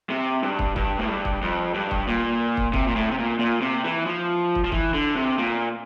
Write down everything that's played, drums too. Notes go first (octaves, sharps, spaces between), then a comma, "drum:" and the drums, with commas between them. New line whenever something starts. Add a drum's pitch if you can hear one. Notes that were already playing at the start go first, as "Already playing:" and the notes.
C3
G2
drum: kick
G2, drum: kick
A2
G2
drum: kick
F2
G2
drum: kick
A#2
drum: kick
C3, drum: kick
A#2
A2
C3
A#2
A#2
C3
E3
F3
drum: kick
F3
E3, drum: kick
D3
C3
A#2